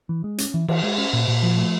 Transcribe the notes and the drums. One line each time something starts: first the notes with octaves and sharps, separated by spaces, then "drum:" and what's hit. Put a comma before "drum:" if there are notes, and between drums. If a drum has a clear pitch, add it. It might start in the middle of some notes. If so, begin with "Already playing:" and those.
E3
G#3
C#4, drum: hi-hat
E3
E3, drum: cymbal
G#3
C#4
A#2
A#2
F3
A3